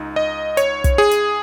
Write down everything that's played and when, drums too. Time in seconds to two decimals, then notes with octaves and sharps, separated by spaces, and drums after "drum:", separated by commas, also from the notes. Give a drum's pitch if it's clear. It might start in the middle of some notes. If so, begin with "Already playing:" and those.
Already playing: C#2 D#4
0.16 D#5
0.57 C#5, drum: hi-hat
0.84 drum: kick, hi-hat
0.98 G#4
1.11 drum: hi-hat